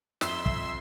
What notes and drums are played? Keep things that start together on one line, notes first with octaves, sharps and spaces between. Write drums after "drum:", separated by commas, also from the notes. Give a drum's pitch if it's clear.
F2 E5 C6 E6, drum: snare
drum: kick